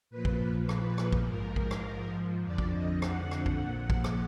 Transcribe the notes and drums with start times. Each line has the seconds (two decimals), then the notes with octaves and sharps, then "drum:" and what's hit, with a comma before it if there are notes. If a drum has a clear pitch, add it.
0.10 A#2 F3 B4
0.25 drum: kick A#1
0.69 B4, drum: rim click
0.98 drum: rim click
1.13 drum: kick A#1
1.27 G#2 F3 A#4
1.56 drum: kick A#1
1.71 drum: rim click
2.43 F2 D3 F3 D5
2.58 drum: kick A#1
2.73 D#5
3.02 F#5, drum: rim click
3.31 drum: rim click
3.46 drum: kick A#1
3.61 A#2 F3
3.90 drum: kick A#1
4.04 drum: rim click